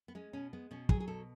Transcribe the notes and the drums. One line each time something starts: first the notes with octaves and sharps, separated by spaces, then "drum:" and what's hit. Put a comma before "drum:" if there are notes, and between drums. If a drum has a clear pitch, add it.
B3
G#3 C#4
B2 C#4
G#3 B3
B2 C#4
F#3 G#4, drum: kick
G#4
B2 A4